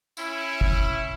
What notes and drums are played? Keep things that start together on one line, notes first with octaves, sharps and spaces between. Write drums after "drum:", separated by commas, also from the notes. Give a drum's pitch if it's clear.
C#4 E4, drum: tambourine
drum: kick